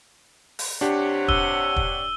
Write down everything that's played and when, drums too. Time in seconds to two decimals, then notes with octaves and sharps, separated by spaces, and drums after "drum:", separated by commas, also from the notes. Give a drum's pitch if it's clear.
0.59 drum: open hi-hat
0.81 C3 D4 G4 C#5 F#5
1.28 E6 D#7 G7, drum: kick
1.76 drum: kick